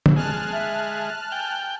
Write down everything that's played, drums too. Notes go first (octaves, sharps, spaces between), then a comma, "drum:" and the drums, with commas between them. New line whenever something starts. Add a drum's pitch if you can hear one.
drum: tom
G#3 A5 F6 F#6
E5
G5 G#5